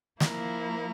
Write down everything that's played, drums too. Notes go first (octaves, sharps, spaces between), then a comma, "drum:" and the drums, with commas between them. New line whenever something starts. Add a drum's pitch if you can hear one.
F3 A#3 E4 A#4, drum: snare